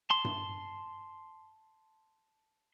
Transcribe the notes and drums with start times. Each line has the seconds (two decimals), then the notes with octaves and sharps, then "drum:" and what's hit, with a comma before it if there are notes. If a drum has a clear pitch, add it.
0.10 A5 C6
0.25 drum: tom G2